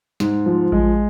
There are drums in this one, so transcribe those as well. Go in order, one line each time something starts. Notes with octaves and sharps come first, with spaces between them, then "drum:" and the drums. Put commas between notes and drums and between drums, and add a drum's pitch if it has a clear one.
G#2, drum: snare
F3
G#3, drum: kick A1